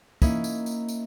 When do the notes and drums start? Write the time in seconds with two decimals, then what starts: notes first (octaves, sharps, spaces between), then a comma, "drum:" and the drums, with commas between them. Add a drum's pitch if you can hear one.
0.22 A#3 C#4 D#4 E4, drum: kick, tambourine
0.44 drum: tambourine
0.66 drum: tambourine
0.88 drum: tambourine